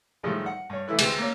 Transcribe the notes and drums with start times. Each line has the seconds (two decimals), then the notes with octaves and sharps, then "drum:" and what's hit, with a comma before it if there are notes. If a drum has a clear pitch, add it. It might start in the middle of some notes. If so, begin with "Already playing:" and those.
0.23 A2 D#3 F3 G3 G#3
0.46 F#5
0.70 G2 C#5
0.88 A1 E3 A3 E4 B4
0.99 D2 G#3 C4 B4 G5, drum: cymbal
1.19 A#3 C#4